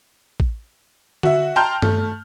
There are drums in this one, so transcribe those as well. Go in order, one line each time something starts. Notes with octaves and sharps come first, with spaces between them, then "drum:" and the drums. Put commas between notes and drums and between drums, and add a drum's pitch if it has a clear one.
drum: kick
F#4 E5, drum: tom D3
G5 A5 A#5 C6 F6 G6
A3, drum: tom G2